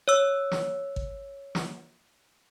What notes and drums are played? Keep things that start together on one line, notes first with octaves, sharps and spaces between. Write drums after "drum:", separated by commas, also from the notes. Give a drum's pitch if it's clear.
C#5 E6
drum: snare
drum: kick
drum: snare